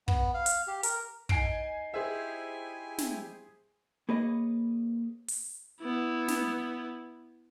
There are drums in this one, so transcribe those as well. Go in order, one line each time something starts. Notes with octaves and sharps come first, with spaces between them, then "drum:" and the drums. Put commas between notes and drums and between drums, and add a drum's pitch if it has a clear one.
B3, drum: kick
F5
drum: hi-hat
G4
A#4, drum: hi-hat
D#4 G#5 C7 D7, drum: kick
E4 G4 G#4 C5 E5 G#5
drum: snare
A#3 G#4 B4 C#5 D#5
drum: open hi-hat
B3 E4
drum: snare